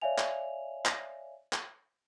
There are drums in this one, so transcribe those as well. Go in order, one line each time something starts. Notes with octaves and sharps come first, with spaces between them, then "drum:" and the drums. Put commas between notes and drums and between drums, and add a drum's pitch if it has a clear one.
C#5 D5 E5 F5 G#5 F7
drum: clap
drum: clap
drum: clap